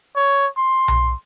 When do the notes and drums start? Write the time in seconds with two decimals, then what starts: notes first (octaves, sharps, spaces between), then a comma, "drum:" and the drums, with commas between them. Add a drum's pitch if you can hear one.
0.16 C#5
0.57 C6
0.88 drum: tom B1